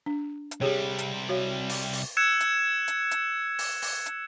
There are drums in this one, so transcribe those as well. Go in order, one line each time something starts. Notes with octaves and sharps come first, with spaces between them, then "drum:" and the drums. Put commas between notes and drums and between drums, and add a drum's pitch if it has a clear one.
D4
drum: hi-hat
C3 G3 G4 G#4 C#5
drum: hi-hat
F#4 C#5 F5
drum: open hi-hat
drum: open hi-hat
E6 F#6 G#6 C#7 E7
drum: hi-hat
drum: hi-hat
drum: hi-hat
drum: open hi-hat
drum: open hi-hat
drum: hi-hat